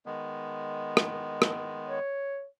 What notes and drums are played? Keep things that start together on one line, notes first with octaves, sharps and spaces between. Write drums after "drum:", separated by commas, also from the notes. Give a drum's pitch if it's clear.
D#3 G#3 B3
drum: rim click
drum: rim click
C#5